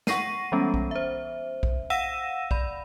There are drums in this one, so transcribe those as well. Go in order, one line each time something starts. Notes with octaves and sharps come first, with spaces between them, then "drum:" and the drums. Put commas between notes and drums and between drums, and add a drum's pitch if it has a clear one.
F#5 C#6 A#6 C7 D#7, drum: snare
E3 G3 G#3 B3 C#4
drum: kick A#1
C5 E5
drum: kick A#1
F5 F#5 E6 A#6 D#7 E7
D5 B5, drum: kick A#1